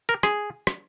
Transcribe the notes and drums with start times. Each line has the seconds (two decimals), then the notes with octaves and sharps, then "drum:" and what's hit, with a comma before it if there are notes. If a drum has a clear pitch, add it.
0.09 A#4
0.23 G#4, drum: rim click
0.67 drum: rim click